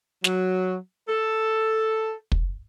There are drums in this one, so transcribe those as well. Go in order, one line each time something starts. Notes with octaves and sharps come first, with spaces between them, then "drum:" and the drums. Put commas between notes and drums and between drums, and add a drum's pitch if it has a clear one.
F#3, drum: snare
A4
drum: kick